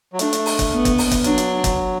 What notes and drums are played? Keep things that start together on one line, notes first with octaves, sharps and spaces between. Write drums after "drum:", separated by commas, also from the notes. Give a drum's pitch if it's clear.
F#3
A3 D4, drum: hi-hat
drum: hi-hat
drum: open hi-hat
drum: kick, hi-hat
B3
drum: kick, hi-hat
drum: open hi-hat
drum: kick, hi-hat
F#3 D4, drum: hi-hat
drum: hi-hat
drum: kick, hi-hat